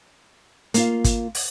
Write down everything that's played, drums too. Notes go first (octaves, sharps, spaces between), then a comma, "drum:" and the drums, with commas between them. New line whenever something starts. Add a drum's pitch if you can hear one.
A#3 F4, drum: hi-hat
drum: kick, hi-hat
drum: open hi-hat